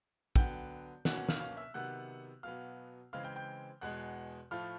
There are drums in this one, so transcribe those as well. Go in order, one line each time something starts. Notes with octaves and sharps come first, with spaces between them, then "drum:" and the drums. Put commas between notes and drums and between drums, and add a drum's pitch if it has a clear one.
D3 F#3 B3 G5 G6, drum: kick
B2 F#3 A#3 C#4 F#5 F#6, drum: snare
F#5 F#6
F5 F6, drum: snare
F5 F6
E5 E6
C3 D#3 F#3 B3 F#5 F#6
B2 F#3 B3 F5 F6
C#3 E3 G#3 C4 F5 F6
G5 G6
G5 G6
E2 B2 G#3 F#5 F#6
A2 F3 A3 F5 F6